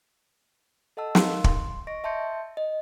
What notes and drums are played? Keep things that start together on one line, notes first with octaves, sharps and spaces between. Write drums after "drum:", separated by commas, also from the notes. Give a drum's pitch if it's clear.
A4 D#5 F#5 A5 E6
D#4 A#4 F5 C6 F#6, drum: snare
C6, drum: kick
D#5 C#6 A#6 D7
E5 A5 C6 G6 C#7
D#5